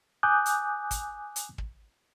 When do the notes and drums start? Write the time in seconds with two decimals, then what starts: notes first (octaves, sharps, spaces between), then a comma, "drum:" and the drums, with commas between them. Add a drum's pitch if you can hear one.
0.23 G#5 D6 D#6 F#6 G6
0.46 drum: hi-hat
0.91 drum: kick, hi-hat
1.36 drum: hi-hat
1.58 drum: kick